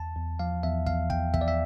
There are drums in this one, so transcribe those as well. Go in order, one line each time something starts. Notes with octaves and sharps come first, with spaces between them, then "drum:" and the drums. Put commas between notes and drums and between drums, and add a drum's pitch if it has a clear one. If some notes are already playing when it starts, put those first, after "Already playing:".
Already playing: E2 A5
E2
F3 F5
E2 E5
E2 F5, drum: kick
E2 G5, drum: kick
E2 E5, drum: kick
D5
E5